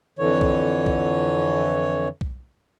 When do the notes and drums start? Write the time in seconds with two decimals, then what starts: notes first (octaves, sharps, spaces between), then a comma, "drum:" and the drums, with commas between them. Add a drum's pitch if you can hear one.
0.19 F2 D3 E3 C#5
0.41 drum: kick B1
0.86 drum: kick B1
2.21 drum: kick B1